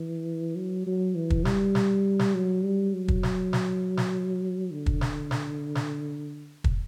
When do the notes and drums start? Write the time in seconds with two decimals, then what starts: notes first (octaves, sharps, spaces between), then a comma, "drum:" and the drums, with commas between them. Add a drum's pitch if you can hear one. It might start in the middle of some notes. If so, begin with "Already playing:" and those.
Already playing: E3
0.56 F#3
0.86 F#3
1.15 E3
1.30 drum: kick
1.45 G3, drum: snare
1.75 drum: snare
2.19 drum: snare
2.34 F#3
2.64 G3
2.94 F#3
3.08 drum: kick
3.23 drum: snare
3.53 drum: snare
3.97 drum: snare
4.71 D3
4.86 drum: kick
5.01 drum: snare
5.31 drum: snare
5.75 drum: snare
6.64 drum: kick